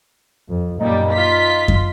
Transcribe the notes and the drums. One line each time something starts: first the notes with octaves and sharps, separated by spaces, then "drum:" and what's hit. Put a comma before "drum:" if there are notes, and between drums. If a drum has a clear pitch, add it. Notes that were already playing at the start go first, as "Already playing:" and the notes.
F2
F#2 A#2 G3 D#4
F4 B6
drum: kick F#2